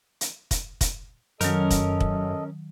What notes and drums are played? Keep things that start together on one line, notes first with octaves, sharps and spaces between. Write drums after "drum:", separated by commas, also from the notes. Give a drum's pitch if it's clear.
drum: hi-hat
drum: kick, hi-hat
drum: kick, hi-hat
F#2 D#3 F#3 C#4 A4 A#4 D#5, drum: hi-hat
drum: kick, hi-hat
drum: kick